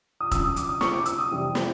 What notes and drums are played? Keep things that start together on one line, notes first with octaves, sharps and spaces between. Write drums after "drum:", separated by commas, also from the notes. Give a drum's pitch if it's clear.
D#6
F#2 D3 F3 E6, drum: kick E1, hi-hat
D#6
D6, drum: hi-hat
D#6
C#6, drum: snare
D6
E6, drum: hi-hat
D#6
F2 C3 E3 G3 C4
drum: snare